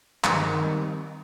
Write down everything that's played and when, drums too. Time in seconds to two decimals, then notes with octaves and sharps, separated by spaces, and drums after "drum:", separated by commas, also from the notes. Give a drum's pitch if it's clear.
0.24 G2 D#3 F3 G#3 C4, drum: clap
0.64 G3 C4